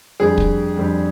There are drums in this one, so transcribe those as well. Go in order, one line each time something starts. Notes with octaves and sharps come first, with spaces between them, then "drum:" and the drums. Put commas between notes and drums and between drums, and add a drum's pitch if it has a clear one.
F2 D3 G3 G#4
drum: kick
F2 D3 G3